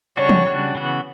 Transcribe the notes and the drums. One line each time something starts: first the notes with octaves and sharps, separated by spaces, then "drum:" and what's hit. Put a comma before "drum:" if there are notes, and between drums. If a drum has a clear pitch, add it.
C#3 G3 D4 F#4 C#5
drum: tom
C#3 G3 D4 F#4
C#3 E3 B3 F#4